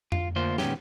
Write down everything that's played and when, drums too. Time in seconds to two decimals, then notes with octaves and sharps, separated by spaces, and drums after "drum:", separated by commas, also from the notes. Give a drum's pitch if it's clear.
0.12 F4, drum: tom F2
0.36 D2 A#3 F4 C5
0.58 A#2 D#3 G#3 B3 C#4 G4, drum: snare